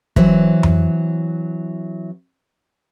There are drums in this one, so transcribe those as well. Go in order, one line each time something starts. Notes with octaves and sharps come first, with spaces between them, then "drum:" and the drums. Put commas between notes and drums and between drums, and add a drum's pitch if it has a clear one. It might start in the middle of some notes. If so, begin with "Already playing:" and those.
E3 F#3 C4, drum: kick
drum: tom F2